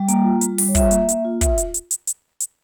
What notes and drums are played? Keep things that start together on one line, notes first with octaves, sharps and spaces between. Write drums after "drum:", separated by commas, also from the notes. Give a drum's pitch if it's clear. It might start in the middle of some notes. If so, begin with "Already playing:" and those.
Already playing: G3 G5
A#3, drum: hi-hat
F4
G3, drum: hi-hat
G3, drum: open hi-hat
C#5
F4 E5, drum: kick, hi-hat
A#3, drum: hi-hat
A#3, drum: hi-hat
F4
F4 E5, drum: kick, hi-hat
drum: hi-hat
drum: hi-hat
drum: hi-hat
drum: hi-hat
drum: hi-hat